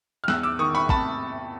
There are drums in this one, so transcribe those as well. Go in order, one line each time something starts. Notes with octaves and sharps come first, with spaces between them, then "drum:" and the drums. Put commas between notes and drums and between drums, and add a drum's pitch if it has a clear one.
F6
E2 E6 F#6, drum: snare
D6 E6
D#3 C#6 D#6
B5 C#6
C3 A5 B5, drum: kick